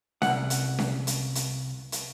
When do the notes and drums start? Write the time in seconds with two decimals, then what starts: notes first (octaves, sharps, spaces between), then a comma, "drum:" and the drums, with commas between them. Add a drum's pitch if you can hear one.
0.22 C2 F#5, drum: snare C#4
0.50 drum: hi-hat
0.79 drum: snare C#4
1.07 drum: hi-hat
1.35 drum: hi-hat
1.92 drum: hi-hat